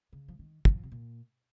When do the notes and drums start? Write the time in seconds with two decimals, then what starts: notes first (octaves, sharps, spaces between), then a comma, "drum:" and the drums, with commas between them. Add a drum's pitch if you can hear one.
0.13 C#3
0.28 F3
0.39 D#3
0.65 F3, drum: kick
0.83 C3
0.92 A#2